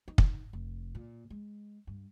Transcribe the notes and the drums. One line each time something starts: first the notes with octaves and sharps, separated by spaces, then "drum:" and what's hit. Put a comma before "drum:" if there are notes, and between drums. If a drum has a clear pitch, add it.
D#4
drum: kick
F1
A#2
G#3
G2